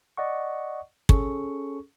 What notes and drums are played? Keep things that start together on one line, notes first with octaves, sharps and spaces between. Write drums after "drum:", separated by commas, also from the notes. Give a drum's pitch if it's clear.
D5 D#5 F#5 C#6
C#4 G#4 A4 C#6, drum: kick